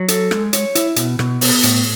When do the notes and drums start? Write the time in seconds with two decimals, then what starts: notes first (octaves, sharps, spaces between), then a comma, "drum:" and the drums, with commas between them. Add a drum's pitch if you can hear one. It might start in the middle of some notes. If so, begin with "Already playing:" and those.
Already playing: F#3
0.08 A4, drum: hi-hat
0.31 G#3, drum: rim click
0.53 C#5, drum: hi-hat
0.75 E4, drum: hi-hat
0.96 B2, drum: hi-hat
1.19 B2, drum: rim click
1.41 B3, drum: open hi-hat
1.63 A2, drum: hi-hat